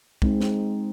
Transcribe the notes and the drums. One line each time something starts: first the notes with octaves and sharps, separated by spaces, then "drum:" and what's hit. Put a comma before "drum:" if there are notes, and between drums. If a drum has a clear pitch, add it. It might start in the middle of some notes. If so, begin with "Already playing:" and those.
G#3 C4 D#4, drum: kick
drum: snare